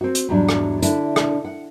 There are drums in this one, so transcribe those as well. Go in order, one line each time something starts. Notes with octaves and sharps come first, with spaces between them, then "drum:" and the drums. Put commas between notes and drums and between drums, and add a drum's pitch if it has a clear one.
C4 F#4
drum: hi-hat
E2 G#2 F#3 G3 D4
drum: rim click
D3 D4 E4 D5 E5, drum: hi-hat
drum: rim click
F#5